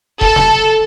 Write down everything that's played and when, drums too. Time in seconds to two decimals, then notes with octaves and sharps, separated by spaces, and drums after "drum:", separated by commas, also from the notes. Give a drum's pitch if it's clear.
0.21 A4, drum: kick E1
0.36 drum: snare